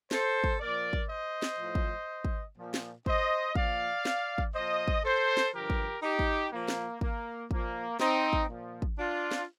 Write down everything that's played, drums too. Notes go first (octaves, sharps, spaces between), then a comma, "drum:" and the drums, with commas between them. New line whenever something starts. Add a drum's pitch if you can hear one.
A4 C5, drum: snare
drum: kick
A#2 F3 A#4 D5
drum: kick
C5 D#5
drum: snare
A2 F3
drum: kick
drum: kick
A#2 F3
drum: snare
C5 D#5, drum: kick
A#2 F3 D5 F5, drum: kick
drum: snare
drum: kick
A#2 F3 C5 D#5
drum: kick
A4 C5
drum: snare
G2 D3 F3 G4 A#4
drum: kick
D#4 G4
drum: kick
A#2 F3 A#3
drum: snare
A#3, drum: kick
A#2 F3 A#3, drum: kick
C4 D#4, drum: snare
drum: kick
A#2 F3
drum: kick
D4 F4
drum: snare